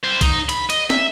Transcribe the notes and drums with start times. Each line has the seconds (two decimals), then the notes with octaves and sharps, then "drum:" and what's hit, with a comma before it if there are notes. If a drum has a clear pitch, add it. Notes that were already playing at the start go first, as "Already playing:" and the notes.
0.04 G3 C5
0.21 D#4, drum: kick B1, cymbal
0.49 B5, drum: cymbal
0.70 D#5, drum: cymbal
0.90 E5, drum: snare